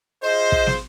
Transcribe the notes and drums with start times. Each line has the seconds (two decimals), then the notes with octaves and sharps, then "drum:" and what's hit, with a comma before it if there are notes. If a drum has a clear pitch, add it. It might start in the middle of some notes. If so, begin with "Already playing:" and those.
0.23 F4 G#4 C5 D#5
0.52 drum: kick
0.67 drum: snare